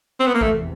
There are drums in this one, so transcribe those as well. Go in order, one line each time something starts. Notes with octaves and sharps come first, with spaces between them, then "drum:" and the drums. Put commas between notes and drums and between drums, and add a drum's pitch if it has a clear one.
C4
B3
A#3
E2 C3 E3 A3, drum: kick G#1